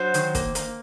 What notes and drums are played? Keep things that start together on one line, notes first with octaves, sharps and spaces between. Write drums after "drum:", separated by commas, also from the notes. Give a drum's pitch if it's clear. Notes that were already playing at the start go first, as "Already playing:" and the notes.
Already playing: F#3 C5
D#3, drum: hi-hat
A#3, drum: kick, hi-hat
A#3, drum: hi-hat